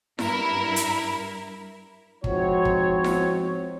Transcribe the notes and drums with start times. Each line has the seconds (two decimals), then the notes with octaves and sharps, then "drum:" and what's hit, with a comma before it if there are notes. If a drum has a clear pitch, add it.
0.19 G2 E4 A#4, drum: snare E4
0.76 drum: hi-hat
2.24 G#2 F3 C4 D#4 F#4 C#5, drum: kick
2.65 drum: kick
3.04 drum: snare E4